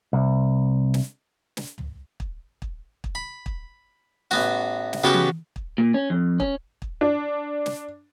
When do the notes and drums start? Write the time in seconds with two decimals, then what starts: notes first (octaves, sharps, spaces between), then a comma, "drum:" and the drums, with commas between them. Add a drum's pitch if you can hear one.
0.13 C2
0.94 drum: snare
1.57 drum: snare
1.78 drum: tom
2.20 drum: kick
2.62 drum: kick
3.04 drum: kick
3.15 B5
3.46 drum: kick
4.31 A1 B3 F#4, drum: snare
4.93 drum: snare
5.04 C#3 B3 F#4 G4 B4
5.14 drum: tom E3
5.56 drum: kick
5.78 A#2
5.94 C#4
6.10 F2
6.40 C#4, drum: kick
6.82 drum: kick
7.01 D4
7.66 drum: snare